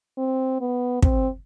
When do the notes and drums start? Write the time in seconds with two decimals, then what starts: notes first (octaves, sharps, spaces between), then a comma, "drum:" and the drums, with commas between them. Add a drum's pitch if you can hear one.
0.18 C4
0.61 B3
1.03 C4, drum: kick